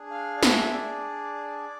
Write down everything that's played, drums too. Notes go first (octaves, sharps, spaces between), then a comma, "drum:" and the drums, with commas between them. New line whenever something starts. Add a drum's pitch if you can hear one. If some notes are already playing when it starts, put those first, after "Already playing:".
Already playing: D4 G#4
F5
D5
E5, drum: snare
E5
D5